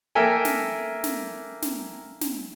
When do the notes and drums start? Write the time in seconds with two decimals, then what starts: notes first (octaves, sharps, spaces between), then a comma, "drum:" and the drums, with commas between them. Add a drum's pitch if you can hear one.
0.15 A#3 A4 A#4 E5 G5 G#5
0.45 drum: snare
1.04 drum: snare
1.62 drum: snare
2.21 drum: snare